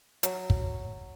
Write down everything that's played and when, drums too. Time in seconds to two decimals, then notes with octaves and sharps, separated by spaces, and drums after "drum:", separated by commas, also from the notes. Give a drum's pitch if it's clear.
0.23 F#3, drum: hi-hat
0.50 drum: kick